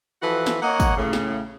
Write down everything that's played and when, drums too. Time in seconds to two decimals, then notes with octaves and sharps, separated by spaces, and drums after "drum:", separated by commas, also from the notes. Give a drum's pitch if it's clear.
0.22 E3 F3 F#4 A4 B4
0.46 drum: snare
0.62 A#3 C#5 D#5 F#5
0.80 drum: kick, tambourine
0.96 A2 C#3
1.13 drum: snare